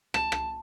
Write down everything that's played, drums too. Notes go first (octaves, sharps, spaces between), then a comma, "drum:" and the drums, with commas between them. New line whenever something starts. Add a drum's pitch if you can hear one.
A5, drum: rim click
drum: rim click